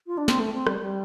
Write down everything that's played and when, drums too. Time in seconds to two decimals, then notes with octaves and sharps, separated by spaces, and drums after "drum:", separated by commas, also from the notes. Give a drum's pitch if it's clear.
0.06 F4
0.17 D4
0.28 C4, drum: snare
0.39 A3
0.53 C4
0.67 G3, drum: rim click
0.81 G3